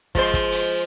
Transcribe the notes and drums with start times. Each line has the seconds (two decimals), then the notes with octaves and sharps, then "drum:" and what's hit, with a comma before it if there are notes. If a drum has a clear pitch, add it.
0.15 F3 G#3 C5, drum: kick, hi-hat
0.34 drum: kick, hi-hat
0.52 drum: open hi-hat